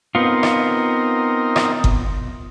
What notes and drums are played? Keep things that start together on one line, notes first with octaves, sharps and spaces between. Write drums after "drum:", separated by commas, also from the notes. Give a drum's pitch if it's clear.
B3 C4 D#4 F4 A#4
drum: rim click
drum: rim click
drum: kick G1